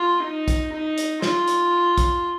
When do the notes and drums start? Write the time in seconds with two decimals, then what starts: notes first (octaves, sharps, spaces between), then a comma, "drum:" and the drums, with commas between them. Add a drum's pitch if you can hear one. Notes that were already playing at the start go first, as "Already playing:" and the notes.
Already playing: F4
0.22 D#4
0.48 drum: kick, hi-hat
0.72 D#4
0.98 drum: hi-hat
1.22 F4, drum: snare
1.48 drum: hi-hat
1.98 drum: kick, hi-hat